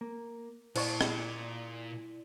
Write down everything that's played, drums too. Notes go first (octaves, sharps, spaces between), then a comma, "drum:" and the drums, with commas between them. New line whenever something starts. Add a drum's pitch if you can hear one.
A#3
A#2 E4 G#4 C5 D5 D#5 A5 C#6, drum: cymbal
drum: rim click